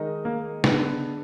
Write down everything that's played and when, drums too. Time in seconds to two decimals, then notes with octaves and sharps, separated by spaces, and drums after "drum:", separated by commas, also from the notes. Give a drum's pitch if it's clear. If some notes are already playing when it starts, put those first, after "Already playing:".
Already playing: D#3 G#3 D#4 A#4 D#5
0.25 A#3
0.64 D3 G#3 B3 D4, drum: snare